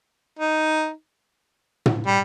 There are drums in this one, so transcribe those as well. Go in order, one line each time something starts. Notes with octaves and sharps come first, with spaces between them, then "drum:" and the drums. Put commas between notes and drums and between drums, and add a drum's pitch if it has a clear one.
D#4
drum: tom
G3